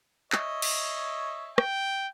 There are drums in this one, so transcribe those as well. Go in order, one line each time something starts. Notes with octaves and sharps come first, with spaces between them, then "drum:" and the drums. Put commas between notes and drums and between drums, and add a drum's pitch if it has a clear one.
C#5 D#5 E5, drum: clap
drum: cymbal
G5, drum: rim click